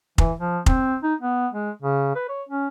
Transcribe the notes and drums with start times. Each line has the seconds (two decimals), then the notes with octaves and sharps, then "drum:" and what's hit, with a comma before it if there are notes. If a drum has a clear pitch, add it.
0.18 E3, drum: kick F1
0.39 F3
0.66 C4, drum: kick F1
1.03 D#4
1.21 B3
1.53 G#3
1.82 C#3
2.16 B4
2.29 C#5
2.49 C#4